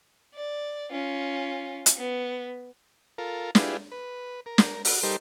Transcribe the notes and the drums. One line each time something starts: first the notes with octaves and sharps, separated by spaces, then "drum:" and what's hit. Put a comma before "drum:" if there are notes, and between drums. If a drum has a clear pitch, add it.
D5
C#4 F4
drum: hi-hat
B3
F4 A4 A#4
D4 E4 F4 G4 G#4 B4, drum: snare
B4
A#4
drum: snare
F#4, drum: open hi-hat
G3 D#4 G4 A4 A#4 C5